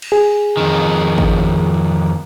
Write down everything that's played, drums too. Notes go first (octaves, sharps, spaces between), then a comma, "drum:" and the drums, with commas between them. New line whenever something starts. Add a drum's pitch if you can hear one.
drum: cymbal
G#4
F2 D#3
drum: kick G#1